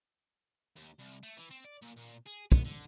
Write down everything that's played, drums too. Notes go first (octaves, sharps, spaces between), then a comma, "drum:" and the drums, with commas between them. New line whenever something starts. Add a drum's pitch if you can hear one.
D#2
C2
A3
E3
C4
D5
A#2
A#2
G#4
B3, drum: kick
D3